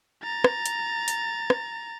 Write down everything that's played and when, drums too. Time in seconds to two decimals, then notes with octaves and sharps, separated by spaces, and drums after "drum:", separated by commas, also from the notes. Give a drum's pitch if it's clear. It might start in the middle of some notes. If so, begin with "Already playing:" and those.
0.23 A#5 A6
0.44 drum: rim click
0.66 drum: hi-hat
1.08 drum: hi-hat
1.50 drum: rim click